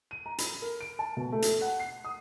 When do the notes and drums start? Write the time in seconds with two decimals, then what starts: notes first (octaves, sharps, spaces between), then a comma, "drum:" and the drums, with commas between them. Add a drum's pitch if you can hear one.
0.11 D#7
0.26 A#5
0.38 B5, drum: hi-hat
0.62 A#4
0.81 D7
0.99 A5
1.17 B2
1.32 A3
1.42 drum: hi-hat
1.61 F#5
1.80 C7
2.05 D#6